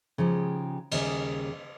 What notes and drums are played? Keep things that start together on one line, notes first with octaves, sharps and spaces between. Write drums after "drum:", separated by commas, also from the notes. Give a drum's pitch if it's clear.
C#3 F3 G#3 D#4 G4
D#2 C#3 G3 C#4 G#4, drum: cymbal